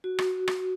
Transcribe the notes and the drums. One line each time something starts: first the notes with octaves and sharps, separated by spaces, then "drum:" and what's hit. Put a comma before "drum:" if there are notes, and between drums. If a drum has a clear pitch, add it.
F#4
drum: rim click
drum: rim click